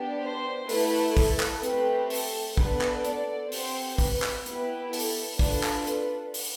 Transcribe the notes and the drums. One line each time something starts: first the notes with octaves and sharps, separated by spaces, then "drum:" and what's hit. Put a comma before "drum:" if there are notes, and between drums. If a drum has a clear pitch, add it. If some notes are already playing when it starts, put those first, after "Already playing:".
Already playing: B3 D4 G4
C5
A3 E4 A4 B4, drum: open hi-hat
A4, drum: kick, open hi-hat
drum: clap
A3 C4 G4 B4, drum: hi-hat
A4, drum: open hi-hat
B3 D4 A4 B4, drum: kick
drum: clap
D5, drum: hi-hat
C4 G4 C5, drum: open hi-hat
B4, drum: kick, open hi-hat
drum: clap
B3 E4 G4 B4, drum: hi-hat
A4, drum: open hi-hat
D4 F4 A4 B4, drum: kick, open hi-hat
drum: clap
drum: hi-hat
drum: open hi-hat